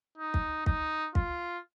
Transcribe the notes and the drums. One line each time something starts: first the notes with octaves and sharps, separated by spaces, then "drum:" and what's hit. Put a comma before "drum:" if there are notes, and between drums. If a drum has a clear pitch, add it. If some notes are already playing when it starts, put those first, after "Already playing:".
D#4
drum: kick
D#4, drum: kick
F4, drum: kick